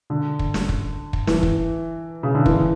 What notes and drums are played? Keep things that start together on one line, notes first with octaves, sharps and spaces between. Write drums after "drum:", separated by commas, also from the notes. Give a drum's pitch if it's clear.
D3
drum: kick
drum: snare
drum: kick
drum: kick
E3, drum: snare
drum: kick
C#3
D3
E3, drum: kick